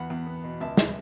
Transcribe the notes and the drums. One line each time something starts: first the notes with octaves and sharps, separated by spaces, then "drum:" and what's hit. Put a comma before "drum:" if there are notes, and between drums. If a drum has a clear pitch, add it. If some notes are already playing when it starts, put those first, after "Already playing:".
Already playing: E2 F#5 B5
E2
B3
B2
C#2 E5 A5
drum: snare